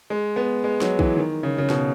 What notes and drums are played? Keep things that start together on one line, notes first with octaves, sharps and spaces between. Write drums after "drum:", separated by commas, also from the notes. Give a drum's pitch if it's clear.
G#3
B3
G#3
F#3, drum: snare
E3, drum: kick
D#3
C#3
C#3
B2, drum: snare